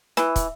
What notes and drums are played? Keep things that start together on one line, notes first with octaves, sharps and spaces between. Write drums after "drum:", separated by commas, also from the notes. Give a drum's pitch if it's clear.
E3, drum: snare
drum: kick, hi-hat